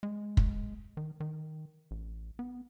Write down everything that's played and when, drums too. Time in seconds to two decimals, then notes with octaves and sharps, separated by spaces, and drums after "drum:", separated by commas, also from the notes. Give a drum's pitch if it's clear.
0.03 G#3
0.37 drum: kick
0.97 D#3
1.20 D#3
1.91 A1
2.39 B3